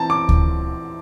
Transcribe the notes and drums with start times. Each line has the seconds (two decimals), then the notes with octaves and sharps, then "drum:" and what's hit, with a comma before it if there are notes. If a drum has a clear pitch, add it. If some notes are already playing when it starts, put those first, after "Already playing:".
Already playing: E3 C4 A5 A#5
0.10 D6
0.29 drum: kick D2